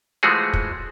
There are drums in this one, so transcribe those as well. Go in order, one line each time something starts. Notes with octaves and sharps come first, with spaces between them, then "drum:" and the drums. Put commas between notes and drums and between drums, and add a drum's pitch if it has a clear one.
E3 F3 G#3 A3 F#4 G#4
drum: kick